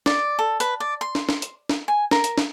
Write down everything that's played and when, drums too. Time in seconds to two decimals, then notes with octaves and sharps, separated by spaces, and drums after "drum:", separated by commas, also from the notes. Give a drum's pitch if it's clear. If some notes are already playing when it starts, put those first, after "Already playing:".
0.06 D5, drum: snare
0.39 A4
0.60 B4, drum: hi-hat
0.80 D5
1.01 C6
1.15 drum: snare
1.29 drum: snare
1.42 drum: hi-hat
1.69 drum: snare
1.88 G#5
2.11 A#4, drum: snare
2.24 drum: hi-hat
2.38 drum: snare